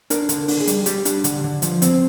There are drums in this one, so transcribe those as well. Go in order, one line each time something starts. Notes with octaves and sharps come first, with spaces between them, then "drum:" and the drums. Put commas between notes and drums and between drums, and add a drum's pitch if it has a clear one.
D4 A#4, drum: hi-hat
D3, drum: hi-hat
D4, drum: open hi-hat
G#4
G3, drum: hi-hat
G3 G4, drum: hi-hat
D4, drum: hi-hat
D3, drum: hi-hat
D3
F3, drum: hi-hat
C4, drum: hi-hat